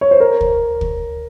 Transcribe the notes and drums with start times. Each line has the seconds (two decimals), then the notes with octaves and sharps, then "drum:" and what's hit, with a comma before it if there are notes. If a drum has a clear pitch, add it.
0.01 C#5
0.11 C5
0.20 A#4
0.41 drum: kick
0.81 drum: kick